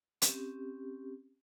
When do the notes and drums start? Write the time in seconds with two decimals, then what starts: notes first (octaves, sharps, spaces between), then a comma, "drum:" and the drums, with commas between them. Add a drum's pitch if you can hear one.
0.22 C4 C#4 G4, drum: hi-hat